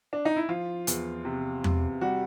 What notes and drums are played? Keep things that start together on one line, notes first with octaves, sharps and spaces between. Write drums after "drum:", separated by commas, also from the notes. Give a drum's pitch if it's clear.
D4
D#4
E4
F3 F4
E2, drum: hi-hat
C3
C3, drum: tom E2
G3 F#4